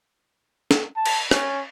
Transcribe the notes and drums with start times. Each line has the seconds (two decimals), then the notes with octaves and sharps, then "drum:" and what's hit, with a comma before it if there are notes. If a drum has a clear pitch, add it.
0.71 drum: snare
0.96 A5
1.06 drum: cymbal
1.31 C#4, drum: rim click